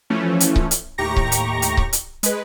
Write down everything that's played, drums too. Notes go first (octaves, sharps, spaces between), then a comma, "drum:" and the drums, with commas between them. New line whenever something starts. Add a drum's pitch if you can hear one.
E3 F3 A3 C#4
drum: hi-hat
drum: kick C#1
drum: hi-hat
D#2 A2 G4 A#5 C#6 A#6
drum: kick C#1
drum: hi-hat
drum: hi-hat
drum: kick C#1
drum: hi-hat
G#3 B4, drum: hi-hat